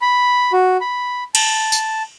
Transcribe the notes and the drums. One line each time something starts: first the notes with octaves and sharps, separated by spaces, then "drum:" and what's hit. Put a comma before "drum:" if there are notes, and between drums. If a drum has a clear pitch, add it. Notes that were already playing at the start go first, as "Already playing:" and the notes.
B5
F#4
B5
A5, drum: cymbal
drum: tambourine